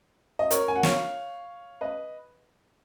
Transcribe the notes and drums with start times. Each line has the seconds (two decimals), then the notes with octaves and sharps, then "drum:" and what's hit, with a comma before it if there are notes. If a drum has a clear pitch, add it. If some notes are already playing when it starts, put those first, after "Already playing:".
0.39 D#5
0.51 A#4 C#5, drum: hi-hat
0.68 G#5
0.76 F#5
0.83 C#5 F5, drum: snare
1.81 B4 D#5